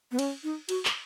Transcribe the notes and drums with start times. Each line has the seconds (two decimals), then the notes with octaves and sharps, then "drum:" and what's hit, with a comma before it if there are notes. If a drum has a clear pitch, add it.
0.12 B3
0.19 C#4, drum: cymbal
0.43 D#4
0.69 F#4, drum: cymbal
0.85 drum: clap